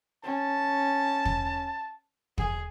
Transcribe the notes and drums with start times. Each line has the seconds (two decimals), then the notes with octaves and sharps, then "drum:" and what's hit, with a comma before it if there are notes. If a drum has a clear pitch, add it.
0.24 C#4 A5
1.25 drum: kick
2.38 G#4, drum: kick